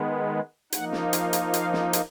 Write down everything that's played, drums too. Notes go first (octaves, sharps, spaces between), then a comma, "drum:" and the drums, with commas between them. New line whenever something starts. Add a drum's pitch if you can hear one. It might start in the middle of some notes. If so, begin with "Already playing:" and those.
Already playing: D#3 G#3 B3
F3 A#3 D#4 F#5, drum: hi-hat
drum: snare
F5, drum: hi-hat
drum: hi-hat
F5, drum: hi-hat
drum: snare
drum: hi-hat